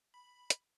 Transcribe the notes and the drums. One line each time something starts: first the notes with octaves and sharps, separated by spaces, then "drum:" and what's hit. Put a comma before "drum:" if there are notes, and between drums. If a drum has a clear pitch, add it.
B5
drum: hi-hat